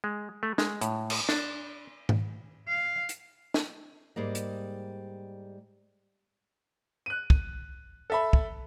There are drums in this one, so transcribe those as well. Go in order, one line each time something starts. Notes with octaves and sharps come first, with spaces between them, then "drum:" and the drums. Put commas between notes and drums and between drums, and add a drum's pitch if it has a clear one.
G#3
A3
G#3, drum: snare
A2, drum: hi-hat
drum: cymbal
D4, drum: snare
drum: tom G#2
F5
drum: hi-hat
drum: snare
G#2 G3 G#3 A#3
drum: hi-hat
F#6 D#7
drum: kick
A4 E5 B5
drum: kick